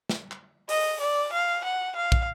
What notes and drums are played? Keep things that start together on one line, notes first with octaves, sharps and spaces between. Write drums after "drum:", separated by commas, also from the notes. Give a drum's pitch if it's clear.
drum: snare
drum: clap
D#5, drum: open hi-hat
D5
F5
F#5
F5
drum: kick